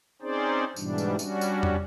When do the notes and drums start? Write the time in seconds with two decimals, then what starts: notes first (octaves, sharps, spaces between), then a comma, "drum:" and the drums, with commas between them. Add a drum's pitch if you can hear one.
0.22 C4 C#4 D#4 G#4 C5 D5
0.76 G#2 B2 E3 G3 D4, drum: tambourine
0.98 drum: tambourine
1.19 G3 C#4 D4 F#4, drum: tambourine
1.41 drum: tambourine
1.63 drum: tom E2